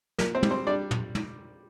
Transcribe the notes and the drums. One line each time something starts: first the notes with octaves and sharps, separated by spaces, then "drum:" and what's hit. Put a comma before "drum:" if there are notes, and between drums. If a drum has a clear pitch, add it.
A#2 A#3 A#4, drum: snare
C4 C5
G3, drum: tom
C4 C5
G3 D4 D5
drum: tom
drum: tom